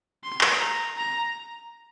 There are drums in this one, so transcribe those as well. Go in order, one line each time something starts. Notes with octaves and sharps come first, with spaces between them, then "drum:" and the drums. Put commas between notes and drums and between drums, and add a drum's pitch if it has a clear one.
C6
drum: clap
A#5
A#5